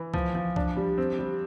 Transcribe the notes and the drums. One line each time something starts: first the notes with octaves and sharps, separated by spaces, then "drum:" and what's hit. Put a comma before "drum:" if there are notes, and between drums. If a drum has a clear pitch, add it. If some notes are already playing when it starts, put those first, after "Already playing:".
Already playing: E3
F3, drum: kick C2
F3
D4, drum: kick C2
G3
C4
G3